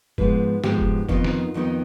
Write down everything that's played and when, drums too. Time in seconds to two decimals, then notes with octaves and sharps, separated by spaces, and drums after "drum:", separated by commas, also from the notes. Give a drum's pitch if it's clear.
0.18 G#2 F3 G#3 B3 B4, drum: kick F1
0.64 G#2 F3 G#3 B3 G4, drum: snare
0.79 drum: kick F1
1.09 F2 D#3 B3 D#4 F4, drum: kick F1
1.24 drum: snare
1.54 F2 D#3 B3 D#4